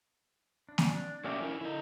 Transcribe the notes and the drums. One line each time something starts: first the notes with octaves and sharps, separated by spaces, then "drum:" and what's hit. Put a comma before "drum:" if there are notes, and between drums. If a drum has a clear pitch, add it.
D4
drum: snare A#3
F#3 A#3 C#4 G4 D5 E5
F3 C#4 E4 A#4
D3 E4 D#5